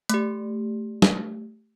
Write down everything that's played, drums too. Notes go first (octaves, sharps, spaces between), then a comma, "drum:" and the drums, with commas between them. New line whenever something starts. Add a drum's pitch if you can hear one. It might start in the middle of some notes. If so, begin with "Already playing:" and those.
A3 G4, drum: hi-hat
drum: snare